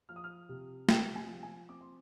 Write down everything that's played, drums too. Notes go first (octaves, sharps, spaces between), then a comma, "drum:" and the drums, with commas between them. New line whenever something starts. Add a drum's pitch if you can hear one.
F3 F6
D#6
F6
C3
C3 G5, drum: snare
G#5
F3
G#5
C4 D6
C6